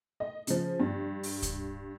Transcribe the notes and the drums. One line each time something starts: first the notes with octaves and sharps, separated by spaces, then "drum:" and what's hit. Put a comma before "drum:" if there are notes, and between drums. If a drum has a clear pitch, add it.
D#5
C#3 F3, drum: hi-hat
G2
drum: open hi-hat
drum: kick C#2, hi-hat